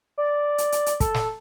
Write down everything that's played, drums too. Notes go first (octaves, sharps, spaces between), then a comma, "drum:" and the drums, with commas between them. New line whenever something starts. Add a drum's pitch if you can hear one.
D5
drum: hi-hat
drum: hi-hat
drum: hi-hat
A4, drum: kick, hi-hat
drum: snare